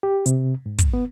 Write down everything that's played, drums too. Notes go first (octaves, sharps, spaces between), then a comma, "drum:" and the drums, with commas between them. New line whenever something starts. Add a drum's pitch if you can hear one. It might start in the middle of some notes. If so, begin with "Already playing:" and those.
G4
C3, drum: hi-hat
G#2
drum: kick, hi-hat
B3